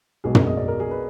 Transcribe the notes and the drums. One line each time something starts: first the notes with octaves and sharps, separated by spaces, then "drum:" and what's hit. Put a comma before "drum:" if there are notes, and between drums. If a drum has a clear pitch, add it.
B1 B2 G#3 G#4
A#4, drum: tom
D#5
D5
A#4
G#4
B4